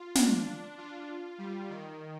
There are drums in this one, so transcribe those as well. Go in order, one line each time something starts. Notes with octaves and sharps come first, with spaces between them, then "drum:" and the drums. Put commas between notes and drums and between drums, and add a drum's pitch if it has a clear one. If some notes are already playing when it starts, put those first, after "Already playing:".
Already playing: F4
D4, drum: snare
F4
G3
D#3